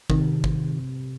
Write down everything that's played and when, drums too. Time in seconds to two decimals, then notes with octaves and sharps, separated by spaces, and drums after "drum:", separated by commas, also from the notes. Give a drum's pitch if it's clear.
0.10 C3 D#3, drum: kick
0.44 drum: kick